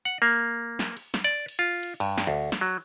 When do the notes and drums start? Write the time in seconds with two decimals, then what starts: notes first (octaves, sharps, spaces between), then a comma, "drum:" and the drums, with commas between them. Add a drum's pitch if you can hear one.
0.05 F#5
0.22 A#3
0.79 drum: snare
0.97 drum: cymbal
1.14 drum: snare
1.24 D5
1.48 drum: cymbal
1.59 F4
1.83 drum: cymbal
2.00 G2, drum: cymbal
2.18 drum: snare
2.27 D2
2.52 drum: snare
2.61 F#3